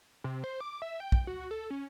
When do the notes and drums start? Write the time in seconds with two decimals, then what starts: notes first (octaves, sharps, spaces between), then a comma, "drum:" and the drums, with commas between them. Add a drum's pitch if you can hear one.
0.24 C3
0.44 C5
0.61 D6
0.82 E5
1.00 G5
1.12 drum: kick
1.27 F#4
1.51 A4
1.70 C#4